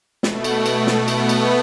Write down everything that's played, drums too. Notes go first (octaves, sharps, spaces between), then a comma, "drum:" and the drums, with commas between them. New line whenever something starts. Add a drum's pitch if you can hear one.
B2 A3, drum: snare
drum: cymbal
drum: cymbal
drum: snare
B3, drum: cymbal
drum: cymbal